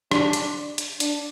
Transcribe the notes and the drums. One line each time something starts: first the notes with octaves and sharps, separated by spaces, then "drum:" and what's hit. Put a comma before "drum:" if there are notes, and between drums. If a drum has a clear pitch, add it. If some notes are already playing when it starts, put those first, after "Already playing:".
D4, drum: rim click
drum: hi-hat
drum: hi-hat
D4, drum: hi-hat